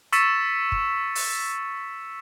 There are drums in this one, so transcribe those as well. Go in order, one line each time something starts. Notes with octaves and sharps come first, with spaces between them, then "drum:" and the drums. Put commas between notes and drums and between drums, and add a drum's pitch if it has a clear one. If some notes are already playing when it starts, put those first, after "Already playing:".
C#6 E6 A6 B6 C#7 E7, drum: hi-hat
drum: kick
drum: open hi-hat